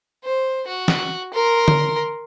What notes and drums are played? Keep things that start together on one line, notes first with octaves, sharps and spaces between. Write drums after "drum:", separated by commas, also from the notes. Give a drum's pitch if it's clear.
C5
F#4
drum: snare
A#4 C6
drum: tom D3